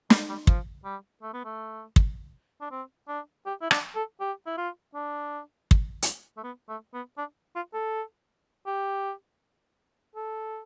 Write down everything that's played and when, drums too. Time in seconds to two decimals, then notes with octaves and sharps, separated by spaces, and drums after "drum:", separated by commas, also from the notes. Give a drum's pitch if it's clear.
0.10 G3, drum: snare
0.29 G3
0.47 F3, drum: kick
0.85 G3
1.22 A3
1.33 B3
1.45 A3
1.96 drum: kick
2.61 D4
2.71 C4
3.08 D4
3.46 G4
3.62 E4
3.71 D4, drum: rim click
3.95 A4
4.20 G4
4.46 E4
4.57 F4
4.94 D4
5.71 drum: kick
6.02 drum: hi-hat
6.37 A3
6.43 B3
6.69 A3
6.94 B3
7.18 D4
7.55 F4
7.74 A4
8.67 G4
10.16 A4